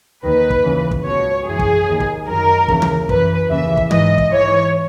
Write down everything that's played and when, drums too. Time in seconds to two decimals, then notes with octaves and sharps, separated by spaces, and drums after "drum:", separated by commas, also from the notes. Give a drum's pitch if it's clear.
0.23 D#2 D#3 B4
0.50 drum: kick
0.64 D#2 C#3 E3
0.91 drum: kick
1.04 C#2 B2 C#5
1.46 F#2 E3 G#4
1.59 drum: kick
1.87 D#2 D#3
2.00 drum: kick
2.27 F#2 D#3 A#4
2.68 D#2 C#3 E3, drum: kick
2.82 drum: tom
3.09 F#2 E3 B4, drum: kick
3.50 D#2 C#3 E3 E5
3.77 drum: kick
3.91 G#2 E3 D#5, drum: tom
4.18 drum: kick
4.31 G#2 E3 C#5